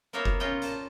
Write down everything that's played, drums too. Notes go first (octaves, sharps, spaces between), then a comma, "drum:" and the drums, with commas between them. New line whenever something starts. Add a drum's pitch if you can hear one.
A#3 B3 A#4 C5 C#5 E5
drum: kick F#1
C#4 F4 D#5 G5
A#2 A5, drum: hi-hat